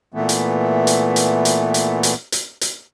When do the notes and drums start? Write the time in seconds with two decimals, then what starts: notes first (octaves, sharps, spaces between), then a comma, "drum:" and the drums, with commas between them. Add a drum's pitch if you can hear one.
0.14 A#2 E3 A3 B3
0.29 drum: hi-hat
0.87 drum: hi-hat
1.16 drum: hi-hat
1.45 drum: hi-hat
1.74 drum: hi-hat
2.03 drum: hi-hat
2.32 drum: hi-hat
2.61 drum: hi-hat